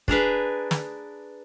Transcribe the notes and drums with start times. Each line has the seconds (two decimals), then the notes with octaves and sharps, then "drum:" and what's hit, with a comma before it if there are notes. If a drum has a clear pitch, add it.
0.08 D4 G#4 A#4 B4, drum: kick
0.71 drum: snare